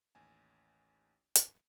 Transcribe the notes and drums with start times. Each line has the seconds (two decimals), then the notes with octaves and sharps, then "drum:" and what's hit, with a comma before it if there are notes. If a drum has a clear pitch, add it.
0.15 A1 D#2 G#5
1.35 drum: hi-hat